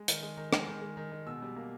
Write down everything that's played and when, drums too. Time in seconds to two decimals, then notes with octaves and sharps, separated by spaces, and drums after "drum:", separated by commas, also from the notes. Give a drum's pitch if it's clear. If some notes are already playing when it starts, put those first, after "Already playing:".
Already playing: G#3
0.08 D#3, drum: hi-hat
0.23 G#3
0.37 D#3
0.53 G#3, drum: rim click
0.67 D#3
0.82 G#3
0.97 D#3
1.12 G#3
1.26 B2 E6
1.42 G3
1.56 A#3